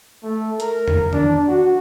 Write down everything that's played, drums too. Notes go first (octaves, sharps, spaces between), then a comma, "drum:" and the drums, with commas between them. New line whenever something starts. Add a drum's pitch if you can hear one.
A3
A#4, drum: hi-hat
drum: tom E2
D4, drum: tom D#3
F#4